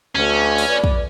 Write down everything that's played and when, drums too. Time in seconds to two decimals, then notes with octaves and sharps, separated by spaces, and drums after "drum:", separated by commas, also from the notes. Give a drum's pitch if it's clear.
0.16 D2 C#4
0.58 drum: open hi-hat
0.68 B4 D5
0.84 drum: kick